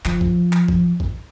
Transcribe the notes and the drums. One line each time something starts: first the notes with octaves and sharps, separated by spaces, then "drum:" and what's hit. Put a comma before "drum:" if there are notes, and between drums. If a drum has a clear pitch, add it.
F3, drum: clap
drum: kick
drum: clap
drum: kick
drum: kick